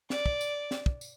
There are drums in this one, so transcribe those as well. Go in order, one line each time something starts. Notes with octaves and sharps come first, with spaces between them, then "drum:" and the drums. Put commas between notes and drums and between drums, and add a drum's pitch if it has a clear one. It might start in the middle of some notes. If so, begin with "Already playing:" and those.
D5, drum: snare
drum: kick
drum: tambourine
drum: snare
drum: kick
drum: tambourine